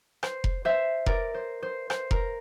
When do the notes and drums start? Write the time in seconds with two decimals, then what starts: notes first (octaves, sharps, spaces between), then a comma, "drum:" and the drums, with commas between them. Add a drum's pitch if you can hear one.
0.23 C5, drum: rim click
0.44 drum: kick F1
0.65 C5 E5
1.06 A#4 D5, drum: kick F1
1.34 C5
1.63 C5
1.90 C5, drum: rim click
2.11 A#4, drum: kick F1